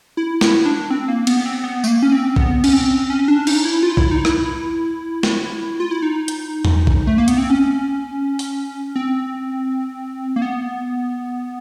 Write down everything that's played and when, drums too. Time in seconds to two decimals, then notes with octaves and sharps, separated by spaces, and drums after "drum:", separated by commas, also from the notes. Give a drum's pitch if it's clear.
0.17 E4
0.41 E4, drum: snare
0.66 D4
0.90 C4
1.08 A#3
1.27 B3, drum: cymbal
1.45 C4
1.64 B3
1.84 A3, drum: tambourine
1.88 A#3
2.03 C#4
2.12 C4
2.36 B3, drum: kick
2.64 C#4, drum: cymbal
2.73 C4
3.10 C#4
3.28 D4
3.47 D#4, drum: cymbal
3.65 E4
3.83 F4
3.97 E4, drum: kick
4.11 D#4
4.25 E4, drum: rim click
5.23 drum: snare
5.80 F4
5.91 E4
6.02 D#4
6.28 drum: hi-hat
6.65 drum: tom E2
6.87 drum: kick
7.07 A3
7.18 A#3
7.28 B3, drum: hi-hat
7.38 C4
7.50 C#4
8.39 drum: open hi-hat
8.96 C4
10.36 A#3
10.42 B3